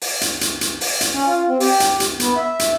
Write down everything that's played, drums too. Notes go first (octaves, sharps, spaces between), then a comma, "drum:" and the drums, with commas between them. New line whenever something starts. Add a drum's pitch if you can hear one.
drum: open hi-hat
drum: hi-hat
drum: hi-hat
drum: hi-hat
drum: open hi-hat
drum: hi-hat
C#4
F4
C4
G4, drum: open hi-hat
drum: hi-hat
drum: hi-hat
B3, drum: hi-hat
E5
drum: hi-hat